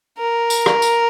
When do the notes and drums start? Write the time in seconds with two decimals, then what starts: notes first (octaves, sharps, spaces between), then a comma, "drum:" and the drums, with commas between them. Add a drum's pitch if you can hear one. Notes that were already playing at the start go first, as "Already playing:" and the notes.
0.18 A#4
0.50 drum: tambourine
0.66 drum: rim click
0.82 drum: tambourine